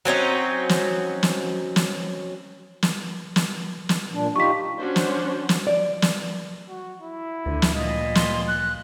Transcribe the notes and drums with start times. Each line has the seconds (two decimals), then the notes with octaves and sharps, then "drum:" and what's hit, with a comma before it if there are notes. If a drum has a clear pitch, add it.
0.05 F#3 C4 C#4 D#4
0.69 drum: snare
1.23 drum: snare
1.76 drum: snare
2.83 drum: snare
3.36 drum: snare
3.89 drum: snare
4.13 A#2 D4
4.36 D#4 F4 G4 C#6 B6
4.78 C#4 D4 F#4 C5
4.96 drum: snare
5.49 drum: snare
5.67 D5
6.02 drum: snare
6.69 F#4
7.01 E4
7.46 D2 D3
7.62 drum: snare
7.75 A#2 D#5
8.15 C6, drum: snare
8.48 F#6